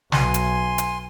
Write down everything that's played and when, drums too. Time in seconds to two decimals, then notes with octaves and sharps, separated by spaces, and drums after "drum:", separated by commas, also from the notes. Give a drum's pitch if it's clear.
0.12 B1 G#5 C6, drum: snare
0.34 drum: hi-hat
0.78 drum: hi-hat